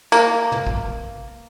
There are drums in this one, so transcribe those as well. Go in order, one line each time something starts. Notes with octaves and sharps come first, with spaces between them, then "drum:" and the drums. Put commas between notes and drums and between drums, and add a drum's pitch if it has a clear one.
A#3, drum: tambourine
drum: tom
drum: kick